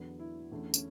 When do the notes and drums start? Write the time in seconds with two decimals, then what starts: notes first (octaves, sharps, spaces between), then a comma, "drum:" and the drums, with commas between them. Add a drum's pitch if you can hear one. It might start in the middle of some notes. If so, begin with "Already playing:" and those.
Already playing: E2 D3 F#3 B3
0.19 E4
0.52 E2 D3 A3 C#4
0.74 C#4, drum: tambourine